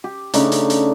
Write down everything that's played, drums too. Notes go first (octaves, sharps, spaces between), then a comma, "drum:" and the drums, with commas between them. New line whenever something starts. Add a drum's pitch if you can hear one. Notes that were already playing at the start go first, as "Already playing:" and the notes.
G4
C#3 A3 D4 D#4, drum: hi-hat
drum: hi-hat
drum: hi-hat